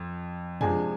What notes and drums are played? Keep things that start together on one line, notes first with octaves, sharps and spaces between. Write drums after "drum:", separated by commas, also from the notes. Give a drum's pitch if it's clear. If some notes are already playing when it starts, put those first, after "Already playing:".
Already playing: F2
C3 F3 G#3 D4 G#5, drum: tom F2